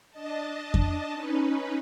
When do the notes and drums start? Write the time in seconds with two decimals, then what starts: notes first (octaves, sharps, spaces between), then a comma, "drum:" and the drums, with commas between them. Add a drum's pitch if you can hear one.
0.11 D4 D#5 A5
0.74 drum: kick F2
1.11 C#4 D#4 B4